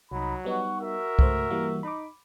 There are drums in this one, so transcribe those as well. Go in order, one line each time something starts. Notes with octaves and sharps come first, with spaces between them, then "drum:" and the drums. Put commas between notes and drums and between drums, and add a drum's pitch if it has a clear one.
C2 F#3 D#4 B5
G3 B3 D#4 F#5 C#6
F#4 A#4 E5
C#2 A3 C5, drum: kick C2
E3 G3 A#3
D#4 B5 D6